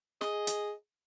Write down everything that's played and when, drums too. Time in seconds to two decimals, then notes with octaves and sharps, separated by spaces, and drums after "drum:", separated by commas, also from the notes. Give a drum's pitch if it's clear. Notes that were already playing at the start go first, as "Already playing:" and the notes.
0.21 G#4 D#5, drum: snare
0.47 drum: hi-hat